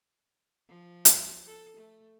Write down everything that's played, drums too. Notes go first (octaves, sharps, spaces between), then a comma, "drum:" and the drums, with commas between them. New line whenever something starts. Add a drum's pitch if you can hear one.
F3
drum: hi-hat
A4
A3